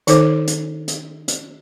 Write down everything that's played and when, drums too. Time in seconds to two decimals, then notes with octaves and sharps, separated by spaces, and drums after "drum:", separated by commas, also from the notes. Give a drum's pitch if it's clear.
0.07 D#3 D#4 A4 C5 C#5 D6, drum: hi-hat
0.47 drum: hi-hat
0.88 drum: hi-hat
1.28 drum: hi-hat